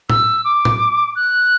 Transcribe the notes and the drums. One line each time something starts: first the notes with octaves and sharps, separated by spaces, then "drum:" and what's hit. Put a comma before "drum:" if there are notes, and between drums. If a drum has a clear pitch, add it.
E6, drum: tom A2
D6
drum: tom A2
F#6